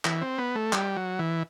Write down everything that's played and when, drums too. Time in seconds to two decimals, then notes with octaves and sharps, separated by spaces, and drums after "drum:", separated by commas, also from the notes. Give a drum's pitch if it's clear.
0.05 E3, drum: clap
0.21 C4
0.38 B3
0.55 A3
0.73 G3, drum: clap
0.96 F#3
1.19 E3